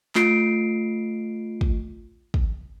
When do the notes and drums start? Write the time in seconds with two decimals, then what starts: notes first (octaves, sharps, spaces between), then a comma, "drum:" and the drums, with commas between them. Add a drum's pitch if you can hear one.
0.15 A3 F4 C7 D7, drum: clap
1.61 drum: kick
2.34 drum: kick